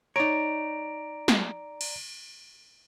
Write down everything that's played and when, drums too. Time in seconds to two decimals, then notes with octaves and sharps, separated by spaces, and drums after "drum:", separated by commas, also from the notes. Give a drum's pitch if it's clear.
0.16 D#4 C#5 D5 A#5 D7
1.28 drum: snare
1.81 drum: cymbal